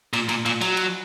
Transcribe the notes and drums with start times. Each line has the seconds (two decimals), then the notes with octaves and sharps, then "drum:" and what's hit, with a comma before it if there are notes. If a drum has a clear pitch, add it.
0.13 A#2, drum: cymbal
0.29 A#2, drum: cymbal
0.46 A#2, drum: cymbal
0.61 F#3, drum: cymbal
0.77 drum: cymbal